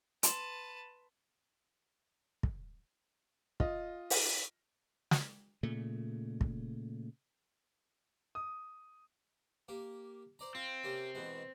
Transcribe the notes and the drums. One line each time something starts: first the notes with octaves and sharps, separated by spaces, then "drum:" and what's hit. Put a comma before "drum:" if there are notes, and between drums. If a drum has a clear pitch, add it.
B4 A5 C6, drum: hi-hat
drum: kick
F4 D#5, drum: kick
drum: open hi-hat
drum: snare
A#2 C#3 A3
drum: kick
D#6
A#3 G4
C5 D5 A#5
C4 F4
C3 A#3 C#4
B2 E3 G#3